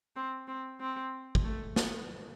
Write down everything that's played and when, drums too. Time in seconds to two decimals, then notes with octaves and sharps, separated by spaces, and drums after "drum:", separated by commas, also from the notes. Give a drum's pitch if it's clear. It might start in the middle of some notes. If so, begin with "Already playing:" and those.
0.16 C4
0.48 C4
0.80 C4
1.35 drum: kick
1.44 A3
1.76 B3, drum: snare